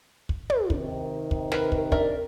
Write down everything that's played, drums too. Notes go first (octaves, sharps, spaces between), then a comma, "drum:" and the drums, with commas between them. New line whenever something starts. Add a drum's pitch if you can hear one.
drum: kick
drum: tom
C3 D#3, drum: kick
drum: kick
A#4 B4, drum: snare
drum: kick
D4 A#4 E5, drum: kick